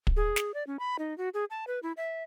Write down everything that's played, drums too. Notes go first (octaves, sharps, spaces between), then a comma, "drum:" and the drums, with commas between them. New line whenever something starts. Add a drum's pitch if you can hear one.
drum: kick
G#4
drum: snare
D5
C#4
B5
D#4
F#4
G#4
A5
B4
E4
E5